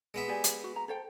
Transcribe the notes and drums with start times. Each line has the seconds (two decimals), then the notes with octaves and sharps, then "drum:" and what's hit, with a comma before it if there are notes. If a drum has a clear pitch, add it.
0.14 G#3 B3 E5
0.28 G4 D5 G#5
0.44 drum: hi-hat
0.64 F#4
0.76 A#5
0.88 A4 C5 G5